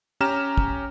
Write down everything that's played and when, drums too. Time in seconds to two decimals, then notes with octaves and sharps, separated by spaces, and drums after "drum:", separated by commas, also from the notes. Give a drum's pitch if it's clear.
0.21 C#4 G4 A#5 F6 E7
0.57 drum: kick